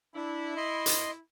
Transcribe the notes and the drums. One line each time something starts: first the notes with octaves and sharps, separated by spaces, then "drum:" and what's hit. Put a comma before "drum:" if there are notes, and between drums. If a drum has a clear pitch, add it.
D4 E4
D#5 C6
drum: hi-hat